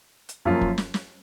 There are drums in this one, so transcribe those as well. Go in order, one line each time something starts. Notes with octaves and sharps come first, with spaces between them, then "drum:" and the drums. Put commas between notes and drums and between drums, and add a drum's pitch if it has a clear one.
drum: hi-hat
F#2 F3 A#3 C#4 F4
drum: kick
drum: snare
drum: snare